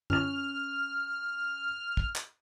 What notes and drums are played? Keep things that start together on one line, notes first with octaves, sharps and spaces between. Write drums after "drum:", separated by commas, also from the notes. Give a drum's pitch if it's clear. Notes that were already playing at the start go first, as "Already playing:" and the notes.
C#4 F6 F7, drum: tom F#2
drum: kick
drum: clap